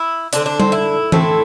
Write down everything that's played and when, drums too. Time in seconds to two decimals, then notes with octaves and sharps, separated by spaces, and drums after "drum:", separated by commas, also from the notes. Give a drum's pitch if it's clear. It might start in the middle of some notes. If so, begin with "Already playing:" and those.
Already playing: E4
0.33 D3 C4 D4, drum: hi-hat
0.46 D4
0.60 C4, drum: tom G3
0.72 E4
1.12 A2 A3 C4, drum: tom E3